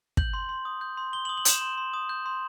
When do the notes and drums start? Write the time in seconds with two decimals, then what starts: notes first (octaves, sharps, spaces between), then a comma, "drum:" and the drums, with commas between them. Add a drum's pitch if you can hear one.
0.17 G6 F#7, drum: kick
0.34 C6
0.49 C6
0.65 D#6
0.81 G6
0.97 C6
1.13 C6 G7
1.25 F#7
1.29 D#6
1.37 F#7
1.45 G6 E7, drum: hi-hat
1.62 C6
1.78 C6
1.94 D#6
2.09 G6
2.26 C6